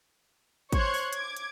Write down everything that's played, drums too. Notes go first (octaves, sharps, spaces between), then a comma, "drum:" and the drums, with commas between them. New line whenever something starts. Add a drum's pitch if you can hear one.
C5 C#5 C6 C#6 F#6 G#6, drum: kick, hi-hat
drum: open hi-hat
D6 G#6, drum: hi-hat
drum: hi-hat